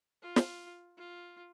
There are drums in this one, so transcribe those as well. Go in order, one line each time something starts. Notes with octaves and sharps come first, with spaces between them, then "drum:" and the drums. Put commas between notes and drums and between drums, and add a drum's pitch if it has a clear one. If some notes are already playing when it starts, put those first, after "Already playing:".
F4
drum: snare
F4